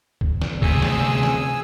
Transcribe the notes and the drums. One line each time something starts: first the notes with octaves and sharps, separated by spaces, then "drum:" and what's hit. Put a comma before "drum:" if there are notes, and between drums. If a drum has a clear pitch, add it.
drum: kick
drum: snare
D2 C3 G#4 G#5 E6, drum: kick
drum: snare
drum: snare